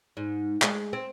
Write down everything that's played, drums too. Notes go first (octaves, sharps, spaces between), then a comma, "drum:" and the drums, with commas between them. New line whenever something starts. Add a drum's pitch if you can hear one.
G#2
G#3, drum: clap
C4